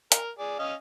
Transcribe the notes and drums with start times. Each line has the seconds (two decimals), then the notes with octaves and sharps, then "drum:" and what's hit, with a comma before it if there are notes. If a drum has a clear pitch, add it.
0.12 A#4, drum: hi-hat
0.39 G#4 D5
0.59 C#4 D#5 F5